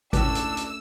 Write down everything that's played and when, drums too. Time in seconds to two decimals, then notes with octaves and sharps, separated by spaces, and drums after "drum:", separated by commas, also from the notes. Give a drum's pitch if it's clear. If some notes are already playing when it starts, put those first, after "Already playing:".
0.13 C#2 A2 A3 C#4 D4 E6, drum: kick G#1, hi-hat
0.35 drum: hi-hat
0.57 drum: hi-hat